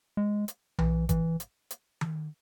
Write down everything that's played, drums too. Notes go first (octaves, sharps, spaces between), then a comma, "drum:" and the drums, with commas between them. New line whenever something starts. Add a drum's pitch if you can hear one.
G#3
drum: hi-hat
E3, drum: tom B1
E3, drum: kick G#1, hi-hat
drum: hi-hat
drum: hi-hat
drum: tom D#3